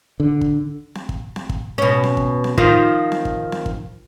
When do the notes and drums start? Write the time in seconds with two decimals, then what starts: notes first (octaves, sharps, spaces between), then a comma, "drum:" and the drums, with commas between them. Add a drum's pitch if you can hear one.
0.20 D3
0.41 drum: kick
0.95 drum: snare C4
1.09 drum: kick
1.36 drum: snare C4
1.49 drum: kick
1.78 B2 C#4
2.04 drum: snare C4
2.17 drum: kick
2.44 drum: snare C4
2.58 D#3 F3 F4, drum: kick
3.12 drum: snare C4
3.25 drum: kick
3.52 drum: snare C4
3.66 drum: kick